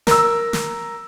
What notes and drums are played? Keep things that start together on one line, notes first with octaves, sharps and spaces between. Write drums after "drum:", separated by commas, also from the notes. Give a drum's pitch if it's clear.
A#4 E6, drum: snare
drum: snare